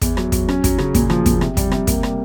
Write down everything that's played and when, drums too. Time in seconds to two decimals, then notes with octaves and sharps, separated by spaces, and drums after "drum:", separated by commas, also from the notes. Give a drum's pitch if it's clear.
0.02 E2, drum: kick, hi-hat
0.17 F#3, drum: rim click
0.32 F#3, drum: kick, hi-hat
0.49 C#4, drum: rim click
0.64 F#3, drum: kick, hi-hat
0.78 C#3, drum: rim click
0.95 A#2, drum: kick, hi-hat
1.10 F3, drum: rim click
1.26 A#2, drum: kick, hi-hat
1.41 C3, drum: rim click
1.57 G3, drum: kick, hi-hat
1.72 C3, drum: rim click
1.87 A#3, drum: kick, hi-hat
2.03 G3, drum: rim click